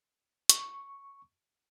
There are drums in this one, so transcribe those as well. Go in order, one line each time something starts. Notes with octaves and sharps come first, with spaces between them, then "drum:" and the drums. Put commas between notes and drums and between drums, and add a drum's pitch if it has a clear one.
C#6, drum: hi-hat